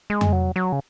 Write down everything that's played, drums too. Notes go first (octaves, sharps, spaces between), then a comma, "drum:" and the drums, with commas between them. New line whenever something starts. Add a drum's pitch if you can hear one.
G#3
drum: tom F2
F#3
F#3
C#3